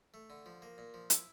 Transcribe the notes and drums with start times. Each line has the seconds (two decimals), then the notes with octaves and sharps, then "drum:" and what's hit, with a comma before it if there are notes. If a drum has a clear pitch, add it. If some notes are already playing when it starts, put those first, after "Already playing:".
0.14 A3
0.30 D3
0.46 F3
0.62 A#3
0.78 A#2
0.94 F3
1.10 E4, drum: hi-hat